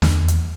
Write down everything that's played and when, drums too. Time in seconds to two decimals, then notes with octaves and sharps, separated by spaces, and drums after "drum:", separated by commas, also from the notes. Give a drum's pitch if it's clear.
0.02 E2, drum: snare
0.28 drum: hi-hat